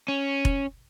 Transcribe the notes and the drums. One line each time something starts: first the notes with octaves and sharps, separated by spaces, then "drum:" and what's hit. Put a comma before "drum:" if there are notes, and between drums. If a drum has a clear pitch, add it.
C#4
drum: kick F1